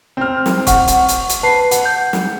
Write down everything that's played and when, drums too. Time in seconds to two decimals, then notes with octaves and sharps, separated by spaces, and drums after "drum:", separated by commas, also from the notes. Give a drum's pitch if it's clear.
0.17 C4 F6
0.46 drum: snare
0.67 F#5 C#6, drum: kick, hi-hat
0.87 drum: hi-hat
1.08 drum: hi-hat
1.29 drum: hi-hat
1.43 B4 A5 C7
1.71 F#5, drum: hi-hat
1.85 G6
2.13 drum: snare